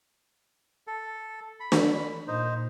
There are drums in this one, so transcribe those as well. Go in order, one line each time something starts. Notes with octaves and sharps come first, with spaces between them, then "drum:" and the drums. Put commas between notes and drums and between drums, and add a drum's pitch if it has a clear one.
A4
B5
drum: snare
A#2 D#4 C5